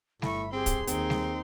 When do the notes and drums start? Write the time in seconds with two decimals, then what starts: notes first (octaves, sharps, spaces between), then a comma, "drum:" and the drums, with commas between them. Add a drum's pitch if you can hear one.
0.22 G1 A2 E5 B5 C#6, drum: snare G3
0.52 C4 G4 G#4 C6
0.66 drum: kick, hi-hat
0.87 D#2 C4 D#4 C6, drum: hi-hat
1.10 drum: snare G3